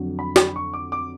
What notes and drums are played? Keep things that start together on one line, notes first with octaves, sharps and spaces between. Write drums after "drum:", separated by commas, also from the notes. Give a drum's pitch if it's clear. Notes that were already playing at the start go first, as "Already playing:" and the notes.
Already playing: F2 D3 F#3
B5
drum: snare F#4
C#6
D6
D6